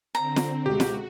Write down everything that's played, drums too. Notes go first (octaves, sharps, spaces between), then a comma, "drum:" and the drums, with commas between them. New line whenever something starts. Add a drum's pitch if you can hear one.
D3 C4 A#5
drum: snare
C#2 B2 F#4 G4
drum: snare